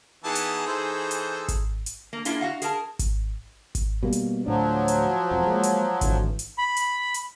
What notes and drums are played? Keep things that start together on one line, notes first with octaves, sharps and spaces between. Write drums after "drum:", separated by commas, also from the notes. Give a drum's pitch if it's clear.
E3 B3 D#4 G#4 A5
drum: hi-hat
E3 A4 C5
drum: hi-hat
drum: kick G#1, hi-hat
drum: hi-hat
A#3
A#3 D4 E4 F4 G#4, drum: hi-hat
F#4 F5 F#5
G#4 A#4 A5, drum: hi-hat
drum: kick G#1, hi-hat
drum: kick G#1, hi-hat
B2 G3 A#3
drum: hi-hat
D2 A2 F3 F#3 D4
drum: hi-hat
E1 F2
G#3 A#3
drum: hi-hat
G#1 D3 E3, drum: kick G#1, hi-hat
drum: hi-hat
B5
drum: hi-hat
drum: hi-hat